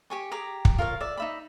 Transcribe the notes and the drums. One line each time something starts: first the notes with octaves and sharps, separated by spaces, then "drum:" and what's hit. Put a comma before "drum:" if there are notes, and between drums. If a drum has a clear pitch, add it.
G4 G#5 C#6
G4 G#4 A#5 D6
drum: kick
F4 A#4 C#5 F5
D5 E5
D#4 E5 B5